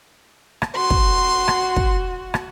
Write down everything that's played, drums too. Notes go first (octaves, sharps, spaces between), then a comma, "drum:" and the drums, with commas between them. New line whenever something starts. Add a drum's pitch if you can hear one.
drum: rim click
F#4 C6
drum: kick
drum: rim click
drum: kick
drum: rim click